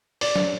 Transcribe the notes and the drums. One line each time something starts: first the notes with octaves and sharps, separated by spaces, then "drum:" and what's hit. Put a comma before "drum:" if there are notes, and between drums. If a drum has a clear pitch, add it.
D5, drum: open hi-hat
drum: snare